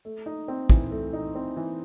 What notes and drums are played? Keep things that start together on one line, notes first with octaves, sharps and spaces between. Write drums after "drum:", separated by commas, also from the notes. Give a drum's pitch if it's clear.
A3
D#4
C4
E3, drum: kick
A3
D#4
C4
E3